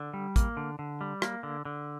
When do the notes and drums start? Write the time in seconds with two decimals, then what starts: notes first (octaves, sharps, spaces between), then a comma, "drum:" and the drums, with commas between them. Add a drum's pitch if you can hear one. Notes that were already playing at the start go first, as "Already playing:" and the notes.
Already playing: D3
0.14 G3
0.36 A#3, drum: kick, hi-hat
0.57 D3
0.79 D3
1.01 G3
1.22 A#3, drum: rim click
1.43 D3
1.65 D3